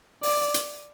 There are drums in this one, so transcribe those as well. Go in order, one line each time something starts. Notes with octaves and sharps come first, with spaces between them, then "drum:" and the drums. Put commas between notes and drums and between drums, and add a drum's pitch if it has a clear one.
D5, drum: open hi-hat
drum: hi-hat